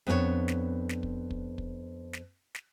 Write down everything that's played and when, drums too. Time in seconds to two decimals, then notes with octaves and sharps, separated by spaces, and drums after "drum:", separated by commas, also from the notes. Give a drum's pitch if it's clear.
0.07 F2 B3 D4 G4 C#5
0.48 drum: snare
0.89 drum: snare
1.03 drum: kick
1.31 drum: kick
1.58 drum: kick
2.13 drum: snare
2.55 drum: snare